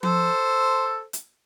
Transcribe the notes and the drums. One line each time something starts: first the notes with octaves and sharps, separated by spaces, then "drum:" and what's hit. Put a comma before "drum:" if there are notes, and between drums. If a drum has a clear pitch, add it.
A4 C5, drum: tom F3
drum: hi-hat